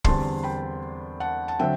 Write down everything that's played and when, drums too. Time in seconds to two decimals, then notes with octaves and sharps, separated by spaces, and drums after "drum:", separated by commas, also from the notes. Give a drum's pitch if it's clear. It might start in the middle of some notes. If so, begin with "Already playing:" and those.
0.04 E2 D3 G3 C4 A5 C6, drum: kick
0.43 G5 B5
1.20 F#5 A5
1.48 A5
1.59 D3 F#3 C4 E5 G5